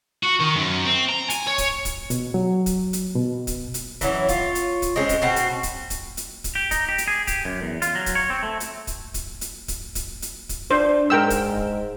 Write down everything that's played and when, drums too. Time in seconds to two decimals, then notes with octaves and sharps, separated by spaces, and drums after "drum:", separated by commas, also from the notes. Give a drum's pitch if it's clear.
0.23 F#4
0.40 D#3
0.56 F#2
0.85 C4
1.09 A#5
1.30 G#5, drum: hi-hat
1.48 C#5
1.58 drum: kick, hi-hat
1.85 drum: kick, hi-hat
2.10 B2, drum: hi-hat
2.34 F#3
2.66 drum: kick, hi-hat
2.93 drum: hi-hat
3.16 B2
3.47 drum: kick, hi-hat
3.74 drum: hi-hat
4.01 E3 F#3 C#4, drum: kick, hi-hat
4.29 F4 C#5, drum: kick, hi-hat
4.55 drum: hi-hat
4.82 drum: kick, hi-hat
4.96 G#3 C4 C#4
5.09 drum: kick, hi-hat
5.22 B2 C4 F#4
5.36 drum: hi-hat
5.63 drum: kick, hi-hat
5.90 drum: kick, hi-hat
6.17 drum: hi-hat
6.44 drum: kick, hi-hat
6.55 G4
6.71 D#4, drum: kick, hi-hat
6.89 G4
6.98 drum: hi-hat
7.08 G#4
7.27 G4, drum: kick, hi-hat
7.45 F#2
7.62 E2
7.82 F4, drum: hi-hat
7.95 F#3
8.06 drum: kick, hi-hat
8.15 C#5
8.30 C4
8.43 A3
8.60 drum: hi-hat
8.87 drum: kick, hi-hat
9.14 drum: kick, hi-hat
9.41 drum: hi-hat
9.68 drum: kick, hi-hat
9.95 drum: kick, hi-hat
10.22 drum: hi-hat
10.49 drum: kick, hi-hat
10.71 D4 C5
11.10 G#2 A#4 G5 E6
11.30 drum: kick, hi-hat
11.57 drum: kick